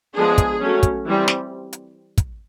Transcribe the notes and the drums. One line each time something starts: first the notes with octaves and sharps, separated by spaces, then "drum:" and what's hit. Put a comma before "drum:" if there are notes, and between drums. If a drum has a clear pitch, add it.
F3 G#3 B3 D4 G#4
drum: kick, hi-hat
F#3 A3 C#4
drum: kick, hi-hat
E3 G3 C4
drum: snare
drum: hi-hat
drum: kick, hi-hat